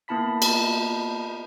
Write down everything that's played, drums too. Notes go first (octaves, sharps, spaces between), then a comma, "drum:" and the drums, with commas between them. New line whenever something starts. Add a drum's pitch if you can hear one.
A#3 B3 E4 A5 B5 B6
drum: cymbal